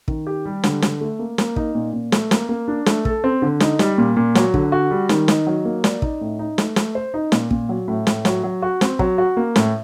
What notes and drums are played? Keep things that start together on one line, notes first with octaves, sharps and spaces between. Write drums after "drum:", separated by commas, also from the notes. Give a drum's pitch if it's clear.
D#3, drum: kick
G4
G3
D3, drum: snare
D3, drum: snare
A3
A#3
A#3, drum: snare
D#4, drum: kick
A#2
A#2
A3, drum: snare
A#3, drum: snare
A#3
D4
A3, drum: snare
A4, drum: kick
C4
D3
D#4, drum: snare
G3, drum: snare
A#2
A#2
F#3, drum: snare
D3, drum: kick
F#4
G3
D#3, drum: snare
D#4, drum: snare
F#3
A#3
D5, drum: snare
D#4, drum: kick
A2
D#4
A3, drum: snare
A3, drum: snare
C5
D#4
A#2, drum: snare
A#2, drum: kick
F#3
A2
A2, drum: snare
F#3, drum: snare
F#3
F#4
C4, drum: snare
F#3, drum: kick
F#4
A#3
A2, drum: snare